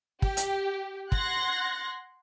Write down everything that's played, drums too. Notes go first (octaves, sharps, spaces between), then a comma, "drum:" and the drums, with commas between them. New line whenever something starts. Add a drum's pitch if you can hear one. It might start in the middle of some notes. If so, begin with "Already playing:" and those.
G4, drum: kick
drum: hi-hat
F#5 C6 F#6 G#6 A#6, drum: kick